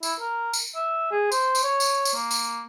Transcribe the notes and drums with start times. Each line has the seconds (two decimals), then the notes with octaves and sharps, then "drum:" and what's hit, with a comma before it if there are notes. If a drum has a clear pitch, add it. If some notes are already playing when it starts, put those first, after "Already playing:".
0.03 E4, drum: tambourine
0.20 A#4
0.53 drum: tambourine
0.76 E5
1.11 G#4
1.32 C5, drum: tambourine
1.55 drum: tambourine
1.64 C#5
1.80 drum: tambourine
2.05 drum: tambourine
2.15 A#3
2.31 drum: tambourine